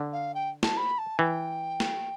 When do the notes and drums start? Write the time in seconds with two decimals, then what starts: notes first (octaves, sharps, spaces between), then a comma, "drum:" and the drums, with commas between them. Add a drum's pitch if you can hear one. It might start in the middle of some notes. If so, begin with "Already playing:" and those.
Already playing: D3
0.13 F5
0.35 G5
0.63 A5, drum: snare
0.77 B5
0.98 A5
1.18 E3 G5
1.80 drum: snare